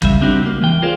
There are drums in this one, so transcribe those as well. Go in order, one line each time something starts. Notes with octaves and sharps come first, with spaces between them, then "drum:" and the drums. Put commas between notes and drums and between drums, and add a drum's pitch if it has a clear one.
C#3 G3 E5, drum: kick
G3 C4 D4 D#4 F#4 G4
C#2 A#3
E2 E3 G5
F4 G#4 A#4 C5 D5 F5